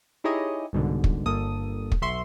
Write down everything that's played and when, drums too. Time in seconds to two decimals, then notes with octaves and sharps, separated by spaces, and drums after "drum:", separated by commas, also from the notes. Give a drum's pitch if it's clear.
0.24 D#4 E4 G4 G#4 C#5 D#5
0.73 C2 G#2 B2 D3
1.04 drum: kick
1.26 G1 G2 A#3 A4 D#6
1.92 drum: kick
2.02 B1 E5 C6 C#6